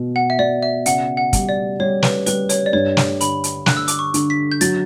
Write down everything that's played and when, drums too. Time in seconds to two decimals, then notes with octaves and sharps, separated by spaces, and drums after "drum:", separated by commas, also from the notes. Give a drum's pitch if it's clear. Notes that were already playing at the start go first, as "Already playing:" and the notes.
Already playing: B2
0.16 F#5
0.30 E5
0.39 B2 D5
0.62 E5
0.86 C#3 F#5, drum: hi-hat
1.17 F#5
1.33 G3, drum: kick, hi-hat
1.49 D5
1.79 G3 C#5
2.03 B4, drum: snare
2.26 G3 B4, drum: hi-hat
2.49 C#5, drum: hi-hat
2.66 D5
2.73 G2 C#5
2.97 drum: snare
3.21 D3 B5, drum: hi-hat
3.44 drum: hi-hat
3.66 D3 F#6, drum: snare
3.77 E6
3.88 D6, drum: hi-hat
3.99 C#6
4.14 D3, drum: hi-hat
4.30 B6
4.52 G6
4.61 F#3 A6, drum: hi-hat